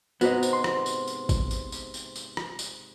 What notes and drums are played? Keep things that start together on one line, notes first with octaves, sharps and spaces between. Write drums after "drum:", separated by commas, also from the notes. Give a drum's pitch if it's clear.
G#2 C3 B3 F#4 D#5 A#5, drum: tambourine
drum: tambourine
C6
drum: rim click
drum: tambourine
drum: tambourine
drum: kick G#1, tambourine
drum: tambourine
drum: tambourine
drum: tambourine
drum: tambourine
drum: rim click
drum: tambourine